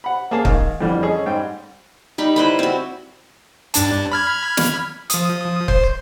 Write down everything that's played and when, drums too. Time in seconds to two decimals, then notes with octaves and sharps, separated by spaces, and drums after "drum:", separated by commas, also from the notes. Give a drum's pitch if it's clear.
0.04 F#5 B5
0.31 A#3 C#4 G#4 A5
0.45 G#2 D#3 F5, drum: kick
0.81 F2 D3 E3 G3
1.03 C#4 G#4 A4 D#5
1.26 G#2 G3 C5 G5
2.18 G3 D#4 B5
2.36 E4 B4 C5 B5
2.59 C4 F#4
3.74 G2 D4 A5, drum: hi-hat
4.12 B5 F6 G#6
4.57 drum: snare
5.10 F3 D#6, drum: hi-hat
5.68 C5, drum: kick